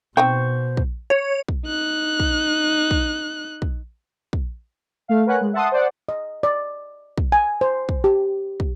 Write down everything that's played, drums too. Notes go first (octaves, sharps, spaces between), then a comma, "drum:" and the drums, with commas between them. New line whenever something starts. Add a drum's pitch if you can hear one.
B2 C4 D#4 C5 G5 C#6
drum: kick
C#5
drum: kick
D#4 F#6
drum: kick
drum: kick
drum: kick
drum: kick
A3 F5
A#4 B4 C#5 F#5 G#5 F#6
G#3
E5 F#5 A5 C6 D#6
C5 D5 F#5
D#5
D5
drum: kick
G#5
C5
drum: kick
G4
drum: kick